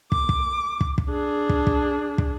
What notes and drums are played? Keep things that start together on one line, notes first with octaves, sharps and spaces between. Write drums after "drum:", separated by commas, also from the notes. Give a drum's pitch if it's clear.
D6, drum: kick
drum: kick
drum: kick
drum: kick
D4 G#4
drum: kick
drum: kick
drum: kick